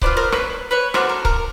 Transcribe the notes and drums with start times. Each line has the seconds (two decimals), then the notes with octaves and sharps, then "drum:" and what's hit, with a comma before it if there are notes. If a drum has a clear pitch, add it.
0.02 B3 D4 F4 C5 D5, drum: kick C#1
0.17 A#4 C5
0.32 B4 C#5, drum: rim click
0.71 B4 C#5
0.94 D4 F#4 A4 A#4 C5, drum: rim click
1.09 A#4
1.25 A#4, drum: kick C#1